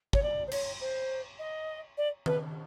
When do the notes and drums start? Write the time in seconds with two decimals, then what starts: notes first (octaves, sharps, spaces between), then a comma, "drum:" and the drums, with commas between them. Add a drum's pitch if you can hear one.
0.13 C#5, drum: kick
0.22 D5
0.47 C5
0.51 C#5, drum: cymbal
0.80 C5
1.39 D#5
1.97 D5
2.26 B4, drum: tom D#3